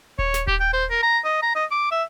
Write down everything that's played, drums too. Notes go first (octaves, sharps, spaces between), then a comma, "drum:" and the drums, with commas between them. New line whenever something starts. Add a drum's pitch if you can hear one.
C#5, drum: kick D#1
drum: snare
G4, drum: kick D#1
G5
C5
A#4
A#5
D#5
A#5
D#5
D6
E5